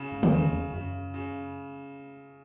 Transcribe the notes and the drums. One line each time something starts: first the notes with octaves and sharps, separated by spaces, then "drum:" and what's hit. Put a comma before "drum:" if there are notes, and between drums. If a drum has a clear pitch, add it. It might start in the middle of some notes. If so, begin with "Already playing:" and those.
Already playing: C#3
G#2
drum: tom
E2 C#3
E2
F#2 C#3
C#3